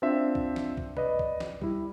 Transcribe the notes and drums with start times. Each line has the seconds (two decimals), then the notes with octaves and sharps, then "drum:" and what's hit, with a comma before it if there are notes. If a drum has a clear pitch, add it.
0.02 C4 D4 F4 C5 E5
0.35 drum: kick B1
0.56 drum: snare
0.77 drum: kick B1
0.97 B4 D5 D#5, drum: tom B2
1.19 drum: kick B1
1.40 drum: snare
1.61 G3 E4, drum: kick B1